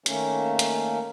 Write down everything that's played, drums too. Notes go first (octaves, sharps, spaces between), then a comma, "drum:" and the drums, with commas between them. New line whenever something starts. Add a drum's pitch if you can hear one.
D#3 A3 A#3 C#4, drum: hi-hat
drum: hi-hat